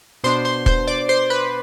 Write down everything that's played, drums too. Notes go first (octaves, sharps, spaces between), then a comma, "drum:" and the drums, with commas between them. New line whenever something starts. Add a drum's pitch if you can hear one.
B2 B3 D4 C5 C6
C5 C6
C5 C6, drum: kick
D5 D6
C5 C6
B4 B5